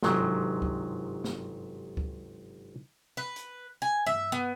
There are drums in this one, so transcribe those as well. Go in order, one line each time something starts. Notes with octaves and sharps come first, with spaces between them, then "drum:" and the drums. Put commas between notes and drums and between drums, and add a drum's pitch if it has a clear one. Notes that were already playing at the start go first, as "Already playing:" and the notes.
G1 G#2 C3 D#3 F#3, drum: snare
drum: kick C#2
drum: snare
drum: kick C#2
B4
drum: hi-hat
G#5
E5, drum: tom G2
B3